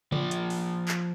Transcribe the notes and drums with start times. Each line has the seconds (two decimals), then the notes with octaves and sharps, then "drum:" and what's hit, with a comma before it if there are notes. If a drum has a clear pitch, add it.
0.12 F3 D5, drum: tom C#3
0.31 drum: hi-hat
0.50 drum: open hi-hat
0.88 drum: clap